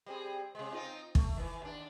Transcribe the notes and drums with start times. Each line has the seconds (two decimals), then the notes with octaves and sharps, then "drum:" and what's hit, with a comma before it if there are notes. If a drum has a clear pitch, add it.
0.06 G3 C4 G#4
0.55 C3 G#3
0.73 C4 D#4 F4
1.15 A3, drum: kick
1.37 D#3 E3
1.62 D#2 D4